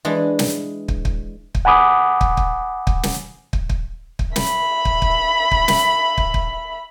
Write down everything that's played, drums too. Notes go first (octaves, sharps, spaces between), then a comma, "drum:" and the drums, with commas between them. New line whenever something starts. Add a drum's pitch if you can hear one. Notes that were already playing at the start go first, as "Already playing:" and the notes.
E3 G#3 D4
drum: snare
drum: kick
drum: kick
drum: kick
F#5 G#5 B5 D6 D#6
drum: kick
drum: kick
drum: kick
drum: snare
drum: kick
drum: kick
drum: kick
E5 B5, drum: snare
drum: kick
drum: kick
drum: kick
drum: snare
drum: kick
drum: kick